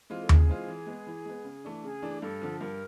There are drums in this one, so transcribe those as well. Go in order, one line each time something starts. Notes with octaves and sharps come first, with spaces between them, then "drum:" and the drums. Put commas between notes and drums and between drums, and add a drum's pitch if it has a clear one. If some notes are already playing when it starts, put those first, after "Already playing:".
E3 G#3 C4 F4
A4
C#3 G#4, drum: tom D#2
E3 G#3 C4 F4
E3
G#3 B3
E3
G#3 B3
C#3
E3 A3 D4
C#3 G#4
E3 A3 D4
G2 A4
D3 F3
G2 A#4